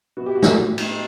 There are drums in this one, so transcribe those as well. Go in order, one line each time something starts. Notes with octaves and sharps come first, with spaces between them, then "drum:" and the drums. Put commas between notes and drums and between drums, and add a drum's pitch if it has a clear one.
B3 F#4
G4
F#4
A2, drum: snare
A2
drum: cymbal